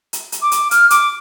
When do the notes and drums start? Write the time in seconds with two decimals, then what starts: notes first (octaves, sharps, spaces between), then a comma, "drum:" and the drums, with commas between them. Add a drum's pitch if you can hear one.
0.13 drum: hi-hat
0.32 drum: hi-hat
0.42 D6
0.52 drum: hi-hat
0.71 F6, drum: hi-hat
0.90 D6, drum: hi-hat